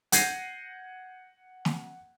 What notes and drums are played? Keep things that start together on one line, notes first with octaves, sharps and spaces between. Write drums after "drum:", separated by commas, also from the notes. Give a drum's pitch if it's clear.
F#5 G6 G#6 A#6 C7 D#7, drum: hi-hat
drum: snare